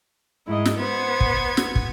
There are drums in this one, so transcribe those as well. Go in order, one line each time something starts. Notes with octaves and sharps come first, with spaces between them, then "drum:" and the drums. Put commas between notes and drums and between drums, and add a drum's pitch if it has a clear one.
G#2 E4 D#5
drum: snare
B3 C5 G#6
drum: kick
drum: snare
drum: kick